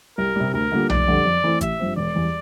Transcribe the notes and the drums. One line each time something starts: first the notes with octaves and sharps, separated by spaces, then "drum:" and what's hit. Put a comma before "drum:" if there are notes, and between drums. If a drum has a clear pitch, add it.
C2 A#4
C3 G3
D2 A#4
D3 G3 A#3 F4
F1 D5, drum: tom B1
F2 D3 G3
F2
E3 A3 C4 E4
A1 E5, drum: kick G#1, hi-hat
G2 F3 C4
E1 D5
E2 E3 G3